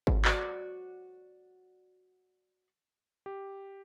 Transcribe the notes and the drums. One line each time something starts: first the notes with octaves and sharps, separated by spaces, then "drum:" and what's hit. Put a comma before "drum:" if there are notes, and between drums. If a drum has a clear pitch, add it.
drum: kick G#1
F#4 D5, drum: clap
G4